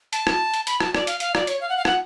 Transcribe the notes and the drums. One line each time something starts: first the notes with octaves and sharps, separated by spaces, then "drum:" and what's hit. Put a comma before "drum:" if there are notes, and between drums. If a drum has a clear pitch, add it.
A5, drum: hi-hat
drum: rim click
drum: hi-hat
B5, drum: hi-hat
A5, drum: rim click
D5, drum: rim click
F5, drum: hi-hat
F5, drum: hi-hat
D5, drum: rim click
C#5, drum: hi-hat
F5
F#5
F5
F#5, drum: rim click